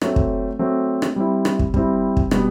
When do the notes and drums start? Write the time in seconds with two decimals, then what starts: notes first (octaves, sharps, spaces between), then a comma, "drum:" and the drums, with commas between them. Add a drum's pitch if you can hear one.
0.02 F#3 A3 C4, drum: rim click
0.16 drum: kick
0.59 F#3 A3 C4
1.02 drum: rim click
1.16 G3 C4 E4
1.45 drum: rim click
1.59 drum: kick
1.74 G3 C4 E4, drum: kick
2.17 drum: kick
2.31 B2 G3 B3, drum: rim click